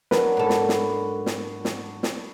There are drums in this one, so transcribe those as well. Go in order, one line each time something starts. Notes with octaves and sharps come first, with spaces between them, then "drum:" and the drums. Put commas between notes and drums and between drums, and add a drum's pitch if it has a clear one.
F#3 D4 F#4 A#4 B4, drum: snare
G#2 A4 B5
drum: snare
drum: snare
drum: snare
drum: snare
drum: snare